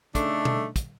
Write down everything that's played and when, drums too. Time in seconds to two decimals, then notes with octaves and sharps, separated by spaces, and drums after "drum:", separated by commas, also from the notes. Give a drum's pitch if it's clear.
0.15 C#3 A3 D4 D#4 A4, drum: kick, hi-hat
0.45 drum: tom B2
0.76 drum: kick, hi-hat